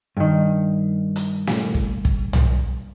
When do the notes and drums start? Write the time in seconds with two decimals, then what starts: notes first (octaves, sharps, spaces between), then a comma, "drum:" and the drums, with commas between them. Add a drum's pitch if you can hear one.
0.17 G2 D#3
1.16 drum: hi-hat
1.47 drum: snare
1.74 drum: kick
2.05 drum: kick
2.33 drum: tom